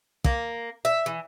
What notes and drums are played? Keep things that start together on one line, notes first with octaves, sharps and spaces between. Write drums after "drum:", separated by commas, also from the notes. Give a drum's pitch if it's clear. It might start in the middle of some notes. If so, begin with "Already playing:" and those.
A#3, drum: kick
E5
E3